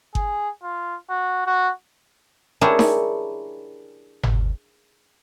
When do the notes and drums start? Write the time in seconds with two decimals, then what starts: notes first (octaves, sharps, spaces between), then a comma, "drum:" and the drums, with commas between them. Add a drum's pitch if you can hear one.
0.15 G#4, drum: kick G1
0.63 F4
1.10 F#4
1.46 F#4
2.61 D4 E4 G4 G#4 A#4 C#5
2.79 drum: snare D#4
4.23 drum: tom G1